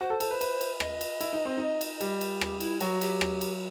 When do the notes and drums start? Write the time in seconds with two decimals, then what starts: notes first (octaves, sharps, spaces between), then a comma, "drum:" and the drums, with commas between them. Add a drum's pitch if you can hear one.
0.01 F#4 C5
0.10 A4
0.20 A4, drum: cymbal
0.31 B4
0.41 B4, drum: cymbal
0.61 drum: cymbal
0.80 D#5, drum: rim click
1.01 drum: cymbal
1.21 E4, drum: cymbal
1.33 D#4
1.45 C4
1.57 D#4
1.81 drum: cymbal
2.01 G3, drum: cymbal
2.21 drum: cymbal
2.41 G4, drum: rim click
2.60 E4, drum: cymbal
2.80 F#3 F#4, drum: cymbal
3.01 G4, drum: cymbal
3.21 drum: rim click
3.41 drum: cymbal